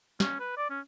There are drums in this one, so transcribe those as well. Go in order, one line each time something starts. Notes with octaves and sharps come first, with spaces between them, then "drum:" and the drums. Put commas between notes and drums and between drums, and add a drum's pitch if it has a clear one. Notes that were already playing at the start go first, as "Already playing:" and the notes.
C#4, drum: snare
B4
D5
C#4